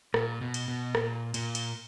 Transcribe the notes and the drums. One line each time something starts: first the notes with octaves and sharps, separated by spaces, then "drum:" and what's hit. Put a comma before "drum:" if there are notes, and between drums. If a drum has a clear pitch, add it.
A#2, drum: rim click
B2
drum: cymbal
B2
A#2, drum: rim click
A#2, drum: cymbal
drum: cymbal